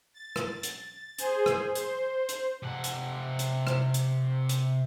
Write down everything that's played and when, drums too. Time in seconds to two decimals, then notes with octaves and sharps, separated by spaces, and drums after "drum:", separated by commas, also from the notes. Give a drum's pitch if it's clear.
0.14 A6
0.36 drum: rim click
0.63 drum: hi-hat
1.18 G#4 C5, drum: hi-hat
1.46 drum: rim click
1.75 C5, drum: hi-hat
2.29 drum: hi-hat
2.63 C3 F#5
2.84 drum: hi-hat
3.39 drum: hi-hat
3.67 drum: rim click
3.94 drum: hi-hat
4.49 drum: hi-hat